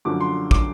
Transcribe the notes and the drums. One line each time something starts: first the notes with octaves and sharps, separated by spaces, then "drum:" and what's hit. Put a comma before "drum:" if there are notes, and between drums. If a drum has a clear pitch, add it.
F#2 D3 F3 D6
C6
D6, drum: kick